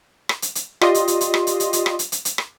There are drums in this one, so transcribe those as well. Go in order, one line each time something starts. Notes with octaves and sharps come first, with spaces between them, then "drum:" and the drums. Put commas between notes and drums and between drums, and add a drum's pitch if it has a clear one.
drum: rim click
drum: hi-hat
drum: hi-hat
F4 G4 D5 D#5 C6 D#6, drum: rim click
drum: hi-hat
drum: hi-hat
drum: hi-hat
drum: rim click
drum: hi-hat
drum: hi-hat
drum: hi-hat
drum: rim click
drum: hi-hat
drum: hi-hat
drum: hi-hat
drum: rim click